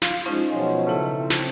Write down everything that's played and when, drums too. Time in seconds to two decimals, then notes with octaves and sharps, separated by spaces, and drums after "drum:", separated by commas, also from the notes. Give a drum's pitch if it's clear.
0.02 F4, drum: snare
0.26 F3 G#3 C#4 D#4 F4
0.50 B2 F3 F#3 G#3
0.87 C#3 A3 E4
1.15 C4
1.30 drum: snare